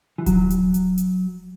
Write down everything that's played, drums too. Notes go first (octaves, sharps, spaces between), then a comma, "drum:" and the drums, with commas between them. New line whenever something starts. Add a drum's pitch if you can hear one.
E3
F#3, drum: kick D#1, hi-hat
drum: hi-hat
drum: hi-hat
drum: hi-hat